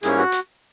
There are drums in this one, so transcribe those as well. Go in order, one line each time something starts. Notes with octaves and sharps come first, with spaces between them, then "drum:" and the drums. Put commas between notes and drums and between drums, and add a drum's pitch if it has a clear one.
G#2 E3 G3 A#3 C#4 G#4, drum: hi-hat
F#4
drum: hi-hat